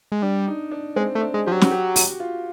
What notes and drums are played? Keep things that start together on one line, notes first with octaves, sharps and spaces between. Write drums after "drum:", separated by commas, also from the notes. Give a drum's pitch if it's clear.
G#3
G3 D4
D#4
D4
G#3 C4
A3
D4
G#3
F3 G4
F#3
drum: snare
G4
F#4, drum: open hi-hat
F4